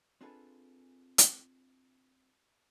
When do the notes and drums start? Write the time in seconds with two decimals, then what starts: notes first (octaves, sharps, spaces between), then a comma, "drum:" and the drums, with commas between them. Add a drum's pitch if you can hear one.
0.21 C4 D4 F4 G#4 A4 B4
1.18 drum: hi-hat